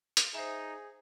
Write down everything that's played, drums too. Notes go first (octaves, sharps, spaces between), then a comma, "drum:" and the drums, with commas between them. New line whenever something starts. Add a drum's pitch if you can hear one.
drum: hi-hat
D#4 G#4 C5 E5